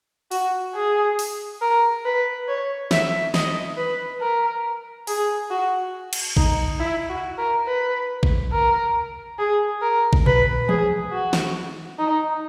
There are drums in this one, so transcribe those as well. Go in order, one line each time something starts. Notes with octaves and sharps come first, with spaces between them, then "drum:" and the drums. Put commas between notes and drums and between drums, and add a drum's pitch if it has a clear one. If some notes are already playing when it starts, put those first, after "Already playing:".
F#4, drum: open hi-hat
G#4
drum: open hi-hat
A#4
B4
C#5
E5, drum: snare
D#5, drum: snare
B4
A#4
G#4, drum: open hi-hat
F#4
drum: cymbal
D#4, drum: kick
E4
F#4
A#4
B4
drum: kick
A#4
G#4
A#4
drum: kick
B4, drum: tom A#2
G#4, drum: tom E3
F#4
drum: snare
D#4